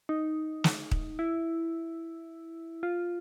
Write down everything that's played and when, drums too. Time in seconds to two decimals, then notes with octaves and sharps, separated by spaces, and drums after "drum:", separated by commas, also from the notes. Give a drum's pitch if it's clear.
0.09 D#4
0.64 drum: snare
0.91 drum: kick
1.19 E4
2.83 F4